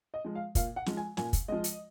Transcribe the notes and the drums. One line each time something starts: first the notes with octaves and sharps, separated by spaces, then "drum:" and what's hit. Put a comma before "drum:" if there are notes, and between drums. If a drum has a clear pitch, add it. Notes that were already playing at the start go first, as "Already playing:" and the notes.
D#5
F3 G#3
F5
A#2 F5, drum: kick, hi-hat
F#5
F3 G#3, drum: snare
G#5
A#2 G#5, drum: snare
drum: kick, hi-hat
F3 G#3 D#5
drum: hi-hat